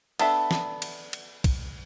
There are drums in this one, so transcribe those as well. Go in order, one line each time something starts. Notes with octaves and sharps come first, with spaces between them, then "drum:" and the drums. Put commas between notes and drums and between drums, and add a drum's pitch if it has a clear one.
B3 D4 A4 E5, drum: cymbal
drum: snare
drum: cymbal
drum: cymbal
drum: kick, cymbal